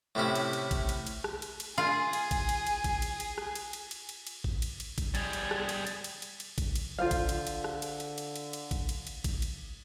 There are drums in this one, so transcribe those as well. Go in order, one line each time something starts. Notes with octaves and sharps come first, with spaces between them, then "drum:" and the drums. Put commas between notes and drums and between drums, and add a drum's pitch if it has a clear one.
A2 C3 C#4 E4
drum: cymbal
drum: cymbal
drum: kick A1, cymbal
drum: cymbal
drum: cymbal
drum: rim click
drum: cymbal
drum: cymbal
F4 G#4 G#5
drum: cymbal
drum: kick A1, cymbal
drum: cymbal
drum: cymbal
drum: kick A1, cymbal
drum: cymbal
drum: cymbal
drum: rim click
drum: cymbal
drum: cymbal
drum: cymbal
drum: cymbal
drum: cymbal
drum: kick A1
drum: cymbal
drum: cymbal
drum: kick A1, cymbal
G3 G#4, drum: cymbal
drum: cymbal
drum: rim click
drum: cymbal
drum: cymbal
drum: cymbal
drum: cymbal
drum: cymbal
drum: kick A1, cymbal
drum: cymbal
D3 F4 C5 F5
drum: kick A1, cymbal
drum: cymbal
drum: cymbal
drum: rim click
drum: cymbal
drum: cymbal
drum: cymbal
drum: cymbal
drum: cymbal
drum: kick A1, cymbal
drum: cymbal
drum: cymbal
drum: kick A1, cymbal
drum: cymbal